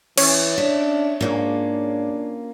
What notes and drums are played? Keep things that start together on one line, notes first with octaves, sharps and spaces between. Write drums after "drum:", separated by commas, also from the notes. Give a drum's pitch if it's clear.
E3 C#4 C#5, drum: cymbal
D4 E5
G#2 A#3 C#4 D4 F4